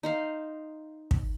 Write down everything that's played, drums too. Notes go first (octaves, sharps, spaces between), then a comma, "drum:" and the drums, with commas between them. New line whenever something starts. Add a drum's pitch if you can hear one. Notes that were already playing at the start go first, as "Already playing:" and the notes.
D#4 C5 F5
drum: kick